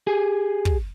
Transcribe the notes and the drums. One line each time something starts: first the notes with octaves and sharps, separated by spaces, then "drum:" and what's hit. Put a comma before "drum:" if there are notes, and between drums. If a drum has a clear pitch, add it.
G4 G#4 G#5
drum: kick